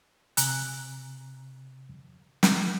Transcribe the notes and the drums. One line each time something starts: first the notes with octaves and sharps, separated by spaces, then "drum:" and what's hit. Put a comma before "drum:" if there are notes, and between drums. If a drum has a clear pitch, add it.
C3 G#5 A#5 F#6, drum: hi-hat
drum: snare